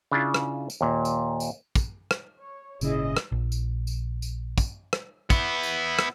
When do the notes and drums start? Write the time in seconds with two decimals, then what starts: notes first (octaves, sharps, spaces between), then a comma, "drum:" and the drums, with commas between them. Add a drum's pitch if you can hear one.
0.12 C#3 D4 E4 F4
0.34 drum: rim click
0.70 drum: tambourine
0.81 D#2 A#2
1.05 drum: tambourine
1.40 drum: tambourine
1.75 drum: kick, tambourine
2.11 drum: rim click
2.39 C#5
2.81 G#1 A#2 C#3 E4 G#4 D#5, drum: tambourine
3.17 drum: rim click
3.32 A#1
3.52 drum: tambourine
3.87 drum: tambourine
4.22 drum: tambourine
4.58 drum: kick, tambourine
4.93 drum: rim click
5.30 B3 E4, drum: kick, tambourine
5.63 drum: tambourine
5.99 drum: rim click